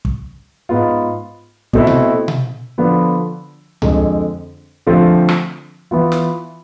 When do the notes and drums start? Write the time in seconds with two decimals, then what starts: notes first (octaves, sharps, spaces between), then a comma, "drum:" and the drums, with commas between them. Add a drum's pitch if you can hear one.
0.05 drum: kick
0.69 G#2 G#3 B3 F4
1.73 B2 A3 C4 E4, drum: kick
1.87 drum: tom B2
2.28 drum: tom B2
2.78 D3 F3 B3 D4 F4
3.82 F2 D3 G#3, drum: tom C#2
4.87 D3 F3 A3 C4 F4
5.29 drum: rim click
5.91 E3 B3 F4
6.12 drum: snare